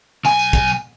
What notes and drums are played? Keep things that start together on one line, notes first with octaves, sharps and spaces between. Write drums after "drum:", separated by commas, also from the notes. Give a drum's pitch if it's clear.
B1 G#5, drum: tambourine
drum: tambourine
drum: kick, tambourine
drum: tambourine